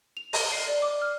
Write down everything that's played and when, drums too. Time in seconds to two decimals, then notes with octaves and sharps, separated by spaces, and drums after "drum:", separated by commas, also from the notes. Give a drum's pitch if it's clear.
0.17 F7
0.33 D#5, drum: open hi-hat
0.52 C7
0.68 D5
0.82 D6
1.02 F6